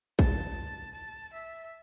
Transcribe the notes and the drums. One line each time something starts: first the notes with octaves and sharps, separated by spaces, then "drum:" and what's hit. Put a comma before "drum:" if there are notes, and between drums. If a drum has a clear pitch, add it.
A5, drum: kick
A5
E5